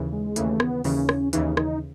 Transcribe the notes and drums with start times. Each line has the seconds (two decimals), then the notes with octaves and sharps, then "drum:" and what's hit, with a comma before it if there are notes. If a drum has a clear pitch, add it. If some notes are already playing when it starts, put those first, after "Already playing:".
Already playing: D#2 C#3 E3
0.12 G#3
0.36 D#2 C#3 E3 A3, drum: hi-hat
0.60 B3, drum: rim click
0.84 D#2 C#3 E3 C#4, drum: open hi-hat
1.09 drum: rim click
1.33 D#2 C#3 E3 D#4, drum: hi-hat
1.57 D#4, drum: rim click